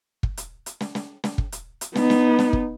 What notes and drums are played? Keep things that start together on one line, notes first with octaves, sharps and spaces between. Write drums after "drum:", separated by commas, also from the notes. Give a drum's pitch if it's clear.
drum: kick
drum: hi-hat
drum: hi-hat
drum: snare
drum: snare
drum: snare
drum: kick
drum: hi-hat
drum: hi-hat
B3 D#4, drum: snare
drum: snare
drum: snare
drum: kick